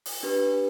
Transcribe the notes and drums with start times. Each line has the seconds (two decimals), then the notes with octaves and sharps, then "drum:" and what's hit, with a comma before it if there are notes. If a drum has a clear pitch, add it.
0.06 drum: open hi-hat
0.23 D4 G4 B4